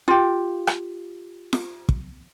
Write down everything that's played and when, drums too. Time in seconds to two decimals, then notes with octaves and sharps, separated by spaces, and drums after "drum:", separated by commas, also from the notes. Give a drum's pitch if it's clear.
0.08 F4 G4
0.67 drum: rim click
1.53 drum: snare F4
1.89 drum: kick